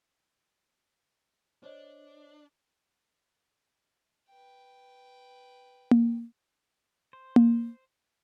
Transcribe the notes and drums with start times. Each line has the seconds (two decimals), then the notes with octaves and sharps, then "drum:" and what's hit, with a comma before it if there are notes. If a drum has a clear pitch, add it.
1.63 D4 C5 C#5 D#5
4.28 B4 G5
5.91 drum: tom A#3
7.13 C5
7.36 drum: tom A#3